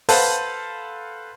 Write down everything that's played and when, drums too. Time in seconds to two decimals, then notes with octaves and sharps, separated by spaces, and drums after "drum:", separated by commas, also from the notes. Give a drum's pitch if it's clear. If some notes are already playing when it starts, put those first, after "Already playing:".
0.09 A4 B4 C5 F5 F#5 A5, drum: open hi-hat